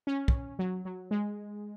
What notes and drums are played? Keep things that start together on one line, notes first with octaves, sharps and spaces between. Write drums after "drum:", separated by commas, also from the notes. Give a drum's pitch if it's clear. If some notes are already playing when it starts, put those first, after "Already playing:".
C#4
drum: kick B1
F#3
F#3
G#3